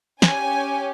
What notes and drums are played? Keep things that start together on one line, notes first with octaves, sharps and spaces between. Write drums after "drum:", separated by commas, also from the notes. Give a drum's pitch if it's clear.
C#4 G4 G#5, drum: snare